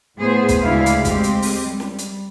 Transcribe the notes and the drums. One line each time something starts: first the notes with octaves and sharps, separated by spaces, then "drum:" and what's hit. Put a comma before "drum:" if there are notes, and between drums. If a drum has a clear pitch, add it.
A2 B3 G#4 C5
drum: kick, hi-hat
D2 C#3 G#3 D4 E4 F5
drum: hi-hat
G#3 C4 G4, drum: kick, hi-hat
drum: hi-hat
drum: open hi-hat
G3
drum: snare
drum: hi-hat